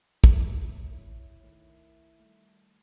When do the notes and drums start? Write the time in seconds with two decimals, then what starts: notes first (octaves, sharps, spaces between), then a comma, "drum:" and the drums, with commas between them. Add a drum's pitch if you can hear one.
0.24 E4 C#5, drum: kick
1.43 D#3 A3
2.20 G3 A3